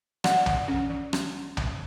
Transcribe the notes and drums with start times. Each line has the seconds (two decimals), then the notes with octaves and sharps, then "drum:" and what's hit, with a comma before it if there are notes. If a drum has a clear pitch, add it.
0.24 E3 F#5, drum: rim click
0.46 E3, drum: tom B1
0.68 C#4
0.90 E3
1.13 C#4, drum: rim click
1.57 drum: tom B1